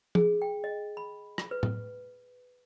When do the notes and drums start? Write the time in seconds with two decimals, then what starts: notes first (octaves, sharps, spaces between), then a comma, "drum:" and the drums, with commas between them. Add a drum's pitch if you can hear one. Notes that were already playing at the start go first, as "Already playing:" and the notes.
0.15 G#4, drum: tom
0.42 G5
0.64 D#5
0.97 B5
1.38 drum: rim click
1.51 B4
1.63 drum: tom A2